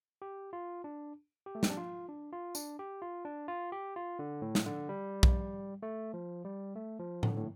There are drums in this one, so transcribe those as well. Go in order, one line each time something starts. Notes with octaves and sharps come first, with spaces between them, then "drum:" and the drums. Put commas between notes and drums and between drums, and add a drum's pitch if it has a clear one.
G4
F4
D4
G4
A3
C4, drum: snare
D4
F4
D4
F4
D4, drum: tambourine
G4
F4
D4
F4
G4
F4
D3
A2
drum: snare
D3
G3
drum: kick B1
A3
F3
G3
A3
F3
D3, drum: tom A2
A2